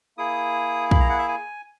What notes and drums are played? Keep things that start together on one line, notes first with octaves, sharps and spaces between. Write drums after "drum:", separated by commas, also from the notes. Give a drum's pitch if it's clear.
A#3 E4 G#4 D#6
B5, drum: kick
A#5
F#5
E5
G#5